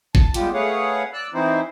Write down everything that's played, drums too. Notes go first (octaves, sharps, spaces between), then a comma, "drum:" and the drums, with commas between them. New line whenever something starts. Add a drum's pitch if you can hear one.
A5, drum: kick
G3 G#3 B3 F4 G4, drum: hi-hat
A3 G#4 B4 C#5 F5 F#5
D5 E6 F#6
E3 C4 D#4 E4 C5